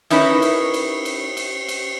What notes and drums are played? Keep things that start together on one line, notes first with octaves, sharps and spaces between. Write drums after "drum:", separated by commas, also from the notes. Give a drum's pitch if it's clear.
C#4 D#4 E4 A#4 B4 C#5, drum: cymbal
drum: cymbal
drum: cymbal
drum: cymbal
drum: cymbal
drum: cymbal